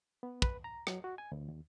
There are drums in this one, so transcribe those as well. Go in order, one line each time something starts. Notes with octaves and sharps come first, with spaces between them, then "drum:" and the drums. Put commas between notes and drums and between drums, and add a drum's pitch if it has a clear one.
B3
B4, drum: kick
A#5
F#3, drum: rim click
F#4
G#5
D2
D#2